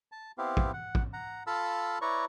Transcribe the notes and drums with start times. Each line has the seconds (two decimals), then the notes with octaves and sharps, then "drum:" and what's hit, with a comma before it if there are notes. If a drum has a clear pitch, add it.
0.12 A5
0.38 B3 C4 E4 G4 F5
0.57 drum: kick
0.73 F#5
0.95 drum: kick
1.13 F#5 A#5
1.47 F4 A4 F5 A5 B5 E6
2.02 E4 B4 C#5 D5 A#5 C#6